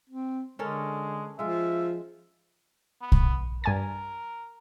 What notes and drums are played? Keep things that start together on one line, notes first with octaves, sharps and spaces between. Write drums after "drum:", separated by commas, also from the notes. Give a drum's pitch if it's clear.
C4
D3 G#3 C#4 A4 A#4
F3 G#3 F4 E5
B3
drum: kick
G2 A#4 G#5 A6